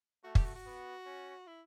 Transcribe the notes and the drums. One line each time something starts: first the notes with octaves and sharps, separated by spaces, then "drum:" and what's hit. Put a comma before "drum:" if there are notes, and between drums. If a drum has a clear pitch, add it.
A3 F#4
G4, drum: kick
F#4
F#4
B3
C#4
E4